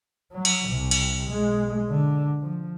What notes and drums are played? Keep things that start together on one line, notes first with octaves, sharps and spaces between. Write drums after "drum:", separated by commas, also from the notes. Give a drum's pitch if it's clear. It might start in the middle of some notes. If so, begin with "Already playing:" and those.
F#3
drum: cymbal
C2 C3
drum: cymbal
B1 G#3
D3
F3